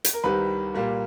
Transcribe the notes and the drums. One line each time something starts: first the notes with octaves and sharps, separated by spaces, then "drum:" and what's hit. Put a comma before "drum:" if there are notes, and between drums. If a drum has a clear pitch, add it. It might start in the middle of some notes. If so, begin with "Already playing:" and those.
drum: hi-hat
A#4
C2 C3 D#3 G3 B4
A#2 G3 A#3